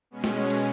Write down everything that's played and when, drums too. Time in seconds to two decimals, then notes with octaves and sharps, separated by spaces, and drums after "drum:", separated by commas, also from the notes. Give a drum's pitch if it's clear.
0.11 B2 G#3 C#4
0.24 drum: snare
0.50 drum: cymbal